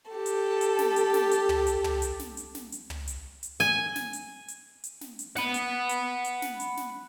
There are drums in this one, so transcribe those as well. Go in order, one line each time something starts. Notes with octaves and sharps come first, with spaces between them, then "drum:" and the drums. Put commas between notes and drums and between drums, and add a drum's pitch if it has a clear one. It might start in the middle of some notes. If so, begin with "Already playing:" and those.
G4 A4
drum: hi-hat
drum: hi-hat
drum: snare
drum: hi-hat
drum: snare
drum: hi-hat
drum: tom
drum: hi-hat
drum: tom
drum: hi-hat
drum: snare
drum: hi-hat
drum: snare
drum: hi-hat
drum: tom
drum: hi-hat
drum: hi-hat
G#5, drum: snare
drum: snare
drum: hi-hat
drum: hi-hat
drum: hi-hat
drum: snare
drum: hi-hat
F#5 B5, drum: snare
drum: hi-hat
drum: hi-hat
drum: hi-hat
drum: snare
drum: hi-hat
drum: snare